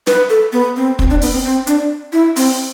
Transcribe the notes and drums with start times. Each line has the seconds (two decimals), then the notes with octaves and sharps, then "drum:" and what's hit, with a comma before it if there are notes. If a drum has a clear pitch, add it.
0.07 B4, drum: snare
0.30 A4
0.53 B3
0.76 C4
0.99 C4, drum: kick
1.10 D4
1.21 B3, drum: open hi-hat
1.33 C4
1.45 C4
1.67 D4, drum: hi-hat
2.13 E4
2.36 C4, drum: open hi-hat